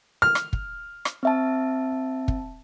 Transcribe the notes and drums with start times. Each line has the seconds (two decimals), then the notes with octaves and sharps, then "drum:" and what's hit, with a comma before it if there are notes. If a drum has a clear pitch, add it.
0.22 F6
0.35 drum: rim click
0.53 drum: kick
1.05 drum: rim click
1.23 C4 E5 A5
2.28 drum: kick